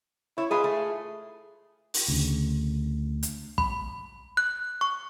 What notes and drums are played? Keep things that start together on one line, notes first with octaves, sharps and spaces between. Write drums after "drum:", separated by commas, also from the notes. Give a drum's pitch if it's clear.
E4 C#5
F4 G#4 B4 D#5
A3
drum: open hi-hat
D2 C#3
drum: hi-hat
B5, drum: kick
F#6
C#6